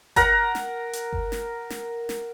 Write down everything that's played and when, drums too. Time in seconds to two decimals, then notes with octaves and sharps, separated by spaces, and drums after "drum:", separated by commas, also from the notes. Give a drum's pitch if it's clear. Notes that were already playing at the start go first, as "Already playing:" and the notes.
0.16 A#4 F#5 A#5, drum: kick G1, hi-hat
0.55 drum: snare
0.93 drum: hi-hat
1.13 drum: kick G1
1.32 drum: snare
1.70 drum: snare
2.09 drum: snare